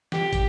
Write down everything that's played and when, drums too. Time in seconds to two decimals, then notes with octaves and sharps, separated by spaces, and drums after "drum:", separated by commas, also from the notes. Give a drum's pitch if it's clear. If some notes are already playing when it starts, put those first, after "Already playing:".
0.12 G4, drum: snare
0.33 drum: kick, hi-hat